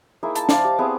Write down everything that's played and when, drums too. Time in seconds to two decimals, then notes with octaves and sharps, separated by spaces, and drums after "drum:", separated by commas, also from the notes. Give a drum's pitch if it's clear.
0.23 A#3 D#4 E4 G#4
0.35 A5, drum: hi-hat
0.49 C5 D5 F5 D6, drum: snare
0.64 G4
0.79 B3 C4 E4 G#4